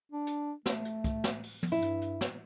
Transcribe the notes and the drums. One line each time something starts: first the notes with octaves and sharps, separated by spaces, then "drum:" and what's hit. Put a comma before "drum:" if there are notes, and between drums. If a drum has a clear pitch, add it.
D4
drum: hi-hat
A3, drum: snare
drum: hi-hat
drum: kick, hi-hat
drum: snare
drum: open hi-hat
drum: tom
G2 E4
drum: hi-hat
drum: hi-hat
drum: snare